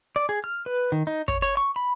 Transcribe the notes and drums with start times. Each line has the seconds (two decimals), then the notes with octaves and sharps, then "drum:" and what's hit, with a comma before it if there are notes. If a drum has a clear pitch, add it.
0.16 D5
0.29 G#4
0.44 F6
0.66 B4
0.92 D#3
1.07 D#4
1.28 C#5, drum: kick
1.42 C#5
1.57 C#6
1.76 B5